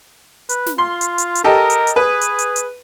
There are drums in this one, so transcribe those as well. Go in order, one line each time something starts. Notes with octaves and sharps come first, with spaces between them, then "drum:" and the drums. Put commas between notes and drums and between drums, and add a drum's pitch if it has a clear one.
B4, drum: hi-hat
drum: snare
F4 C6
drum: hi-hat
drum: hi-hat
drum: hi-hat
G4 A4 A#4 D#5
drum: hi-hat
drum: hi-hat
G#4 B4
drum: hi-hat
drum: hi-hat
drum: hi-hat